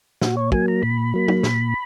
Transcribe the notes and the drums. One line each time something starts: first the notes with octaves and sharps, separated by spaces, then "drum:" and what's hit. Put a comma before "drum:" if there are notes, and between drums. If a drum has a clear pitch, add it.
A#2 F#4, drum: snare
C#5
F#3 A#3 G#5, drum: kick
A#5
A#2 B5
F#3 A#3
drum: tom
A#2, drum: snare